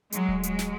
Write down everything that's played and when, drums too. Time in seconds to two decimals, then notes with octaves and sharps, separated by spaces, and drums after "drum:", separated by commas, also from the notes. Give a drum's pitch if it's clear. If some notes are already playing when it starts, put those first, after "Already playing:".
0.12 F#3 G#3, drum: hi-hat
0.28 drum: kick D1
0.43 F#3 G#3, drum: hi-hat
0.59 drum: snare